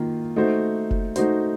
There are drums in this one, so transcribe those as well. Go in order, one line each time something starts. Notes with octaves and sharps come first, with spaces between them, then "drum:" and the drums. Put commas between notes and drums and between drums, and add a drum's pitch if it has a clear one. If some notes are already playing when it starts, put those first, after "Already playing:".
Already playing: D#3 A#3 F4
A3 D#4 F#4 C5
drum: kick F1
A3 D#4 F#4 C5, drum: hi-hat